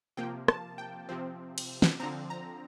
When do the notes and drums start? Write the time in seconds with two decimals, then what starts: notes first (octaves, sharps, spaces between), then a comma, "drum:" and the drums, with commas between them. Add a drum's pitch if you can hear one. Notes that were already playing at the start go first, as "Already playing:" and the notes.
0.17 C3 F3 A#3 G5
0.48 A5, drum: rim click
0.78 G5
1.09 C3 F3 C4
1.58 drum: cymbal
1.82 drum: snare
1.99 D3 F3 C4 A#5
2.30 A#5